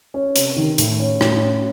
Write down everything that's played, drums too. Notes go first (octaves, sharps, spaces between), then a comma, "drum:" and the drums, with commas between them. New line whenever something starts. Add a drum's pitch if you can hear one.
C#4
C3, drum: hi-hat
D#3
A2, drum: hi-hat
C#4
A2, drum: rim click
C#4